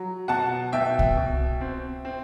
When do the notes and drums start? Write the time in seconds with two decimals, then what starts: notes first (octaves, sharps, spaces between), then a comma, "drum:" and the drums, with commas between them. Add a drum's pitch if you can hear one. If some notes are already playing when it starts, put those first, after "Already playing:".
Already playing: F#3
0.28 B2 F#5 A5
0.72 B2 E5 G5
0.99 drum: kick C2
1.17 B2
1.61 C4
2.05 C4